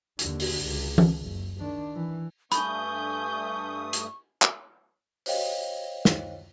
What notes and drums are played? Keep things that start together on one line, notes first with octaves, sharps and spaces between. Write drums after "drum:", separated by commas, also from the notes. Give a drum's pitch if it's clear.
D#2 D3, drum: hi-hat
drum: open hi-hat
C#2
drum: tom E3
F#1
D#3 D4
E3
G2 A3 G#5 B5 C#6 D#6 G6, drum: hi-hat
drum: hi-hat
drum: clap
C5 C#5 D#5 F5 G5, drum: open hi-hat
drum: snare